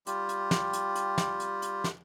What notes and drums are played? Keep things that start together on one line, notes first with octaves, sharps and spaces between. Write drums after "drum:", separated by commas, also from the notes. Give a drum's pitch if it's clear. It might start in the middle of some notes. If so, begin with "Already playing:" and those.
G3 F4 G4, drum: hi-hat
drum: hi-hat
drum: snare
drum: hi-hat
drum: hi-hat
drum: snare
drum: hi-hat
drum: hi-hat
drum: snare